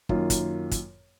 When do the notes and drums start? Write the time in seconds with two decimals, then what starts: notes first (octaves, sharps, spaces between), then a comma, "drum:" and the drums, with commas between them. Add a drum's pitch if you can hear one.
0.09 F#2 D#3 A#3 F4, drum: kick
0.30 drum: kick, hi-hat
0.71 drum: kick, hi-hat